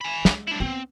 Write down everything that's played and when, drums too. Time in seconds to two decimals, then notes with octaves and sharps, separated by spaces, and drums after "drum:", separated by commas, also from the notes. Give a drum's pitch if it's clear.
0.01 G#5 B5
0.25 G#3, drum: snare
0.48 D4 E4
0.60 B3 C4